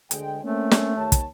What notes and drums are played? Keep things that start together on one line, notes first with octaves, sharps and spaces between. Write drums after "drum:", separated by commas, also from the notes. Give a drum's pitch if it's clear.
D2 G#3 G5, drum: hi-hat
A3 A#3 C4 C#4
drum: snare
D#2 C#5 A5
drum: kick, hi-hat